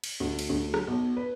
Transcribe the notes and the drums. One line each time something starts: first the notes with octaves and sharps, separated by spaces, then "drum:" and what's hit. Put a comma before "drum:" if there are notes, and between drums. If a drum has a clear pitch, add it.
drum: cymbal
D2
drum: cymbal
D2
F#3, drum: rim click
B1
B4